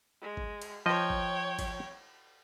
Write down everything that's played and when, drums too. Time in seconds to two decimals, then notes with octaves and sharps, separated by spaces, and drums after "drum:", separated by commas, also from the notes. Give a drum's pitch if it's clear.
0.22 G#3
0.37 drum: kick
0.62 drum: cymbal
0.86 F3 C#5 D#5 G5
1.10 drum: kick
1.59 drum: kick, cymbal